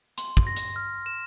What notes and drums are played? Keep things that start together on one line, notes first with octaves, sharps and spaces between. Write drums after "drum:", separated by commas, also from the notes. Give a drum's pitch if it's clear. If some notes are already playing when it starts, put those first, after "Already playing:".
C6, drum: hi-hat
drum: kick
A#6
drum: hi-hat
F6
E7